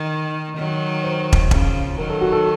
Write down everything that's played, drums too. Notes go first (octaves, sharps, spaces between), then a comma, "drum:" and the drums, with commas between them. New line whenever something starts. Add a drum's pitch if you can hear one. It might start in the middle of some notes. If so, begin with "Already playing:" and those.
Already playing: D#3
D#3 F#3
C5
drum: kick
C#3 F3, drum: kick
D#3 F#3 A#4
A4
F#4
A4